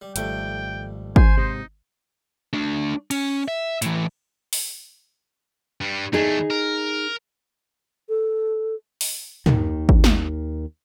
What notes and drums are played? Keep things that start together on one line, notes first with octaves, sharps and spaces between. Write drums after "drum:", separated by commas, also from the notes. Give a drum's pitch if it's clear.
G3
G#1 F2 G3 A3 G5, drum: hi-hat
C5 G#5, drum: kick G#1
G#2 C3 D#4
A3 D4
C#4, drum: cymbal
E5
A2 E3, drum: hi-hat
drum: open hi-hat
G2 G3
E2 A3 D#4 G#4
A#4
A4
drum: open hi-hat
D#2 D#3, drum: tom
drum: kick G#1
drum: snare